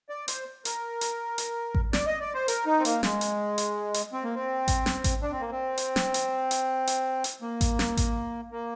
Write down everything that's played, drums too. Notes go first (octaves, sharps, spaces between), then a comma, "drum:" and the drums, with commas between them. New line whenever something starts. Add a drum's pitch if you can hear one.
D5
C5, drum: hi-hat
A#4, drum: hi-hat
drum: hi-hat
drum: hi-hat
drum: kick A1
D5, drum: snare
D#5
D5
C5
A#4, drum: hi-hat
D#4
C4
A#3, drum: hi-hat
G#3, drum: snare
drum: hi-hat
drum: hi-hat
drum: hi-hat
C4
A#3
C4
drum: kick A1, hi-hat
drum: snare
drum: kick A1, hi-hat
D4
C4
A#3
C4
drum: hi-hat
drum: snare
drum: hi-hat
drum: hi-hat
drum: hi-hat
drum: hi-hat
A#3
drum: kick A1, hi-hat
drum: snare
drum: kick A1, hi-hat
A#3